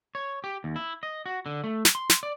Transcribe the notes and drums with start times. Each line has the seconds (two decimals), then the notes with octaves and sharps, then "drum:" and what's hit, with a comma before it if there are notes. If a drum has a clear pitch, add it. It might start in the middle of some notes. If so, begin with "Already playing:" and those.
0.15 C#5
0.44 G4
0.64 D#2
0.76 E4
1.03 D#5
1.26 F#4
1.46 D3
1.64 A3
1.85 drum: snare
1.95 C6
2.09 drum: snare
2.23 D5